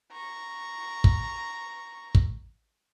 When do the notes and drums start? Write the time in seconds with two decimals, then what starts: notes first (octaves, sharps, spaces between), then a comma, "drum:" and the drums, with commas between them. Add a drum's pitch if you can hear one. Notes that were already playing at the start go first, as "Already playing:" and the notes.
0.12 A#5 C#6
1.04 drum: kick
2.15 drum: kick